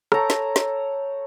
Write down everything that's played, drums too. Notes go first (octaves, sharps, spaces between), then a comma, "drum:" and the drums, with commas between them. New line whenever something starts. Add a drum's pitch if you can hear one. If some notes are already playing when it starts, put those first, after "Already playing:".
A4 C#5 G5 A#5, drum: rim click
drum: snare
drum: snare